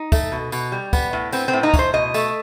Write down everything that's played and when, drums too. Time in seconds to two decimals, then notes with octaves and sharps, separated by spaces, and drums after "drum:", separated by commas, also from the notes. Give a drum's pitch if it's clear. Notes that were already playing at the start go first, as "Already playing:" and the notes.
Already playing: D#4
0.12 A3, drum: kick, tambourine
0.32 B2
0.52 B2, drum: tambourine
0.72 G3
0.93 B3, drum: kick, tambourine
1.13 A2
1.33 B3 C4, drum: tambourine
1.48 C4
1.53 A2
1.63 D#4
1.74 A2, drum: kick, tambourine
1.79 C5
1.93 B2 D#5
2.14 A3, drum: tambourine